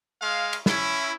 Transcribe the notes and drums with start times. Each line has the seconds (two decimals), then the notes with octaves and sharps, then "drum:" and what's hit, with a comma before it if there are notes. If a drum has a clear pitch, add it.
0.21 G#3 F5
0.53 drum: cymbal
0.66 C#4 E4, drum: snare